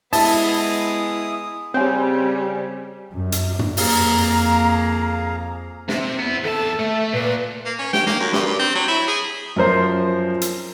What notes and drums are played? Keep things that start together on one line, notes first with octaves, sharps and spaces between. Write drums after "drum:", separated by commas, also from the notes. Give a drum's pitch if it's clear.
G#3 B3 E4 A5 D#6, drum: open hi-hat
C#3 G3 C4 C#5 G#5
F#2
drum: hi-hat
drum: tom
F2 A#3 G#4 F5 A#5, drum: open hi-hat
C3, drum: snare
B3 E4
E2 A4 A5
A3 E5
A#2 B4
A#3
C#4
G4, drum: snare
A#3, drum: snare
F#2
G2, drum: snare
G2
C4
F#3
E4
G#4
F#2 F3 A#4 C5
drum: hi-hat